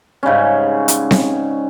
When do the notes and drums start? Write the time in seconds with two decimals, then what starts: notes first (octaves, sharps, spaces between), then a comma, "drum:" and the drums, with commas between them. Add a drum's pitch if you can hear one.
0.23 G#2 C#3 G3 C#4
0.88 drum: hi-hat
1.11 drum: snare C4